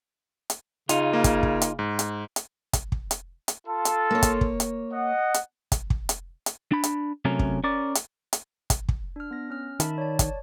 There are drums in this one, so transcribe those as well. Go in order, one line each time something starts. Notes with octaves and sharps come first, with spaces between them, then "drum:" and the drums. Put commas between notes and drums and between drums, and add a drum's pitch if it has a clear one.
drum: hi-hat
C#3 D#4 F4, drum: hi-hat
A#3
drum: kick, hi-hat
drum: kick
drum: hi-hat
G#2
drum: hi-hat
drum: hi-hat
drum: kick, hi-hat
drum: kick
drum: hi-hat
drum: hi-hat
F4 A4
drum: hi-hat
A#3 C#5
drum: kick, hi-hat
drum: kick
drum: hi-hat
D#5 F#5
drum: hi-hat
drum: kick, hi-hat
drum: kick
drum: hi-hat
drum: hi-hat
D4 B5
drum: hi-hat
C3 F#3 A3 C#4 A#4
drum: kick
C#4 A#4 D5
drum: hi-hat
drum: hi-hat
drum: kick, hi-hat
drum: kick
D4 F6
B3 A#6
C#4 F6
D#3 E5 A5 B5, drum: hi-hat
C#5 D5 A5
drum: kick, hi-hat